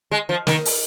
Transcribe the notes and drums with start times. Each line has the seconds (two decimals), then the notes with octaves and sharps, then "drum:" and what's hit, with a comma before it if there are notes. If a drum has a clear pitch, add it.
0.11 G#3
0.29 F3
0.47 D#3, drum: snare
0.65 drum: open hi-hat